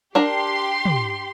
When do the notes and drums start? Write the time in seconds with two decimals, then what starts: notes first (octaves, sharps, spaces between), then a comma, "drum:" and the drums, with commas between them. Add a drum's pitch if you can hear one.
0.15 D4 G4 A#4 A#5 C6
0.85 drum: tom